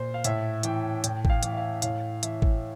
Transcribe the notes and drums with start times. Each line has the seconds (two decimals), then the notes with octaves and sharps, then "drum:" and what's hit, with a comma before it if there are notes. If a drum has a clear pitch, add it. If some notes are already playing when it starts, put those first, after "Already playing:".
Already playing: A#2 C5
0.14 F5
0.24 A2 E5, drum: hi-hat
0.63 E3 G5, drum: hi-hat
1.04 A2 G5, drum: hi-hat
1.25 G5, drum: kick
1.30 F5
1.43 E3, drum: hi-hat
1.52 E5
1.57 F5
1.82 A2 F5, drum: hi-hat
2.23 E3 E5, drum: hi-hat
2.42 drum: kick